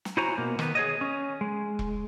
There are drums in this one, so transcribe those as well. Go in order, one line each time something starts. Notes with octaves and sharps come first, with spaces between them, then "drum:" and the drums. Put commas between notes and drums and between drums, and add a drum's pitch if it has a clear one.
drum: snare
E4 F#4 C5 C#5 G#5 A#5
B2 A#3
D#3 B3, drum: rim click
G#4 C#5 D#5
C#4
G#3
drum: kick E1